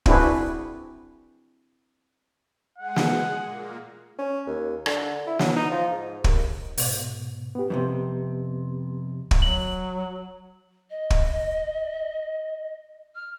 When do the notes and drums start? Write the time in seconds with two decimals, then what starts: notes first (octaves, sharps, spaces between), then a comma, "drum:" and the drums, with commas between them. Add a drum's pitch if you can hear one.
0.06 C4 D4 E4 F#4 G#4 B4, drum: kick
2.79 G#3 G#4 F#5
2.96 drum: snare
3.43 A#2 A#3
4.18 C#4
4.46 D#2
4.86 D3, drum: rim click
5.27 E4
5.39 F#3, drum: snare
5.56 D#4
5.71 F3
5.92 G#2
6.24 D#2, drum: kick
6.78 G#2 B2, drum: open hi-hat
7.55 B3 G4
7.70 F2 A2 C3
9.31 drum: kick
9.42 F#3 F#7
10.90 D#5
11.10 drum: kick
13.15 F6